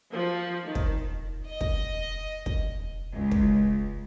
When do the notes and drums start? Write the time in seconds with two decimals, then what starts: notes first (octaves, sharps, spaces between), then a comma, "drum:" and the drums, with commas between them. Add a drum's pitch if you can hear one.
0.11 F3
0.63 D#3
0.75 drum: kick
1.46 D#5
1.61 drum: kick
2.46 drum: kick
3.15 C#2
3.31 drum: kick